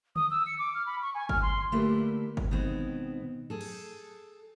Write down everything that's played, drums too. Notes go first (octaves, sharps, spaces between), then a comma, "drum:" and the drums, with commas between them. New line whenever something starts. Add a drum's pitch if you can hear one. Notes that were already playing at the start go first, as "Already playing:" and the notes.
D#6, drum: tom D3
E6
C#7
D6
F6
B5
C#6
G#5
F6, drum: kick G1
C6
D3 A3 A#3 E4 G4 B4
drum: kick G1
B2 D#3 G#3 B3 C4
G#4 A4
drum: cymbal